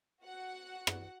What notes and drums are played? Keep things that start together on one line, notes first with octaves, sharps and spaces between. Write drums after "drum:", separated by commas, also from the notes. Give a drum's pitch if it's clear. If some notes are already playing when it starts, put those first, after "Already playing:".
F#4 F#5
drum: rim click